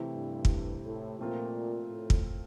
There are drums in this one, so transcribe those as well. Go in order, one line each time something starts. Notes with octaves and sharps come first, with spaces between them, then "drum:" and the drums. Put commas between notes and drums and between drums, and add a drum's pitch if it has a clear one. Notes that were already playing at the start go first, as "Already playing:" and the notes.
Already playing: C3 E3 A3 C4 E4
G2
drum: kick
A2
A#2 F3 A3 C4 F4 A#4
A2
drum: kick